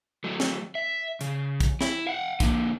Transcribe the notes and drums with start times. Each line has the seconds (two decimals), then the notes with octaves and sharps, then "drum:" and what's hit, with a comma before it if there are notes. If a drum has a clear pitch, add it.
0.24 F#3 A3
0.40 drum: snare
0.75 E5
1.21 C#3, drum: hi-hat
1.60 drum: kick, hi-hat
1.81 E4, drum: snare
2.07 F5 F#5
2.40 D3 A#3, drum: kick, hi-hat